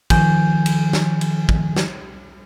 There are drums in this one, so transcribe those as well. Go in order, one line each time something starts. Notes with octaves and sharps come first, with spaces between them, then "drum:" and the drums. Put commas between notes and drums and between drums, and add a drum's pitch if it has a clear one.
D#3 F3 G#5 G6, drum: kick, cymbal
drum: cymbal
drum: snare
drum: cymbal
drum: kick
drum: snare